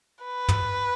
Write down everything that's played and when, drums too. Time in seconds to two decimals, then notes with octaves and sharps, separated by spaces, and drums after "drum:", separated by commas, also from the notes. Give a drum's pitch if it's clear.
0.24 B4
0.49 drum: tom